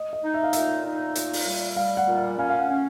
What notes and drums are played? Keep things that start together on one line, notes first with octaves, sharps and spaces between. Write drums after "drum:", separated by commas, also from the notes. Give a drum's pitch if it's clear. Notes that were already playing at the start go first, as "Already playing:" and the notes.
Already playing: D#5
D#5
D#4
E5
F5
A#2 E5, drum: hi-hat
D#4
A#2, drum: hi-hat
drum: open hi-hat
G3
G3 F5
F#5
A#2
F5
C#4 F5
F5
F#5
C#4